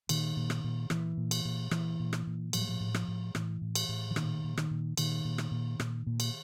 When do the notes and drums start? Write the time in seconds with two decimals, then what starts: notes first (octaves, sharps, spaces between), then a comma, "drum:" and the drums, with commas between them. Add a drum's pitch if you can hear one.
0.09 A#2 D#3, drum: cymbal
0.36 A#2
0.50 drum: rim click
0.64 A#2
0.90 A#2 E3, drum: rim click
1.17 A#2
1.31 drum: cymbal
1.45 A#2
1.71 A#2 E3, drum: rim click
2.00 A#2
2.13 drum: rim click
2.27 A#2
2.53 A2 F3, drum: cymbal
2.61 F#3
2.69 F3
2.80 A2
2.94 F3, drum: rim click
3.08 A2
3.35 A2 E3, drum: rim click
3.61 A2
3.75 drum: cymbal
3.89 A2
4.11 E3
4.16 A#2 D#3, drum: rim click
4.44 A#2
4.57 D#3, drum: rim click
4.71 A#2
4.97 A#2 D#3, drum: cymbal
5.25 A#2
5.38 drum: rim click
5.51 A#2
5.80 A#2, drum: rim click
6.07 A#2
6.20 drum: cymbal